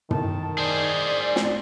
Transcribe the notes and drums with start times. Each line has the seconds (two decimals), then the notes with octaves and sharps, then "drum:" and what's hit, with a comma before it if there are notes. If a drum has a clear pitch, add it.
0.11 D#3 A5, drum: tom
0.58 G#4 C5 D5
1.36 drum: snare